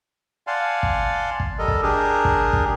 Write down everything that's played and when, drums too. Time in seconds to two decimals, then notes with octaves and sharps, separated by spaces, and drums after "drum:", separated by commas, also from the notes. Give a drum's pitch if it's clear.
0.47 D5 F5 F#5 G#5 A5 C6
0.83 drum: kick
1.40 drum: kick
1.59 G3 A4 A#4 D#5
1.68 drum: kick
1.82 D4 G4 G#4 A#4
2.25 drum: kick
2.53 drum: kick